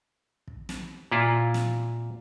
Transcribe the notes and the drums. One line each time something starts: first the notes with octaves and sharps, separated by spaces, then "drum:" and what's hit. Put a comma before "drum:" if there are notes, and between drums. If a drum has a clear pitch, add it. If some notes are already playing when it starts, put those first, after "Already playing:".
drum: kick
drum: snare
A#2 E4 F4
drum: snare